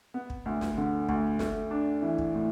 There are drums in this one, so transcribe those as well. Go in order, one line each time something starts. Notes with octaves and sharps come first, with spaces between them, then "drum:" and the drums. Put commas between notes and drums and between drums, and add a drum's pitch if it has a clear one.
B3
drum: kick
D2
drum: snare
D3
D2, drum: kick
A3, drum: snare
D4
E3
drum: kick
A2